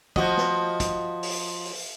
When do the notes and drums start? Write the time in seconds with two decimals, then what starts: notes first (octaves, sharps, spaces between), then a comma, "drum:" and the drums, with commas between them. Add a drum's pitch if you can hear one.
0.16 F3 F#4 D#5, drum: kick
0.37 drum: snare
0.80 drum: kick, hi-hat
1.23 drum: open hi-hat
1.65 drum: open hi-hat